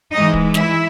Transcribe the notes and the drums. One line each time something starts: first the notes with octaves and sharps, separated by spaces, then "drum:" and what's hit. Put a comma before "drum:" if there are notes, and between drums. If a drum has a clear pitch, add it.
G#2 E3 G#3 D#4 D#5
drum: kick
E4 E5, drum: snare